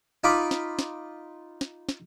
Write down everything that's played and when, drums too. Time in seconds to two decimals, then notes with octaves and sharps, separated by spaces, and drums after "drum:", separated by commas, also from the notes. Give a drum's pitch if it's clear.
0.24 D#4 F4 B5 D6
0.51 drum: snare
0.79 drum: snare
1.61 drum: snare
1.89 drum: snare